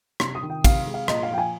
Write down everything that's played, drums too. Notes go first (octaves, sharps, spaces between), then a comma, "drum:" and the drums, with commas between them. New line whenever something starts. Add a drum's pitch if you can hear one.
C3 C6, drum: rim click
D#6
D#3
G5
C3 F5, drum: kick, cymbal
G#3
F5
A#2 D#5, drum: rim click
F5
F3 G5
G#5